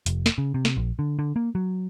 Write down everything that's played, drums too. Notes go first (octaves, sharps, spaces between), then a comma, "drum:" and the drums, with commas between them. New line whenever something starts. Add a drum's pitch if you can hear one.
F1, drum: hi-hat
drum: snare
C#3
C3
drum: snare
A#1
D3
D3
A#3
F#3